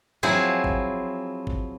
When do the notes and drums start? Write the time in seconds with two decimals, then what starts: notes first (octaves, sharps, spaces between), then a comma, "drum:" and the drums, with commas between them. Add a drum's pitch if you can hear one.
0.23 F3 F#3 C4 E4 G#4
0.64 drum: kick
1.47 drum: kick